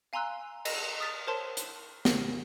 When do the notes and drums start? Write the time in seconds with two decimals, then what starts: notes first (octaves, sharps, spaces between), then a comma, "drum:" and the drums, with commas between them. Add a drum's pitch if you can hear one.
0.13 F5 G#5 A#5 C6 E6 F#6
0.65 D#5, drum: cymbal
1.00 D#6 F6 A6 B6
1.27 A#4 C5 C#5 A5 C6
1.57 drum: hi-hat
2.05 A#4, drum: snare